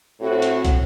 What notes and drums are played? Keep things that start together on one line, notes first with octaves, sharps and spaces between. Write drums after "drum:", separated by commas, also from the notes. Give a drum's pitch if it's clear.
A2 C4 F#4
drum: hi-hat
drum: kick, hi-hat